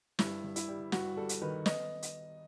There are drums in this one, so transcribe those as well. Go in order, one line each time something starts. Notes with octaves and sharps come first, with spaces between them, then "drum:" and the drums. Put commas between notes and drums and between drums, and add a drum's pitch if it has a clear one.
G2 E4, drum: snare
G2
E4, drum: hi-hat
G3
G2 F#4, drum: snare
G3 A4
drum: hi-hat
D#3 B4
B3 D#5, drum: snare
drum: hi-hat